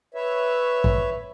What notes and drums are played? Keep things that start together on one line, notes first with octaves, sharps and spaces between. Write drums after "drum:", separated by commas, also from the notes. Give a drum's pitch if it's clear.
B4 C#5 E5
drum: kick